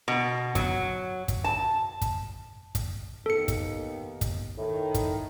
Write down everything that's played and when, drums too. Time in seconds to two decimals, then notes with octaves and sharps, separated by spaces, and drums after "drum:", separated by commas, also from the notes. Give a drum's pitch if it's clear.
0.08 B2
0.55 F#3, drum: kick, hi-hat
1.28 drum: kick, hi-hat
1.44 A5
2.02 drum: kick, hi-hat
2.75 drum: kick, hi-hat
3.26 D#2 D#3 B3 A4 C#7
3.48 drum: kick, hi-hat
4.21 drum: kick, hi-hat
4.58 A2 D#3
4.94 drum: kick, hi-hat